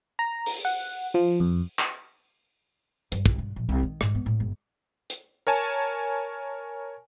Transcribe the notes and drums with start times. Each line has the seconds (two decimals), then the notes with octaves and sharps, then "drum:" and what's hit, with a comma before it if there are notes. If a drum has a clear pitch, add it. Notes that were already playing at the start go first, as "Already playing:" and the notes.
0.19 A#5
0.46 drum: open hi-hat
0.65 F#5
1.14 F3
1.40 F2
1.79 drum: clap
3.12 G2, drum: hi-hat
3.26 C2, drum: kick
3.38 G2
3.56 A#1
3.69 C2
3.83 D#3
4.01 G#2, drum: rim click
4.15 B3
4.26 A2
4.40 G1
5.10 drum: hi-hat
5.47 A#4 C#5 G#5 A5